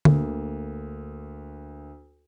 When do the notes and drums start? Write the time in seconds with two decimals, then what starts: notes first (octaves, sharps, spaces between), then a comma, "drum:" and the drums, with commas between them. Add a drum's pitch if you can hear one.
0.05 D2 A#3, drum: tom D3